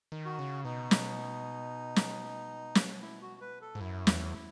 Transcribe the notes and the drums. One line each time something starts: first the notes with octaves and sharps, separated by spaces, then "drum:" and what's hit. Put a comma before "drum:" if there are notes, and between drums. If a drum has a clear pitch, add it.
D#3
F#4
C#3
B2 D#4
drum: snare
drum: snare
drum: snare
E4
F#4
B4
A4
G#2
F#2 E4
E2, drum: snare